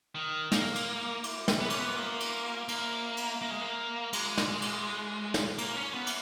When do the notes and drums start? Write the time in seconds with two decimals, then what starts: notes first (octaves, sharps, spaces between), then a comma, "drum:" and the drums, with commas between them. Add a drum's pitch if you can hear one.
0.15 D#3
0.52 A#3, drum: snare
0.75 drum: cymbal
1.24 drum: cymbal
1.48 drum: snare
1.60 B3
1.70 C#4, drum: cymbal
1.78 B3
1.96 A#3
2.20 drum: cymbal
2.68 A#3, drum: cymbal
3.17 drum: cymbal
3.42 A#3
3.50 G#3
3.61 A#3
4.13 G#3, drum: cymbal
4.38 drum: snare
4.62 drum: cymbal
5.34 drum: snare
5.58 A#3, drum: cymbal
5.76 C#4
5.94 B3
6.07 drum: cymbal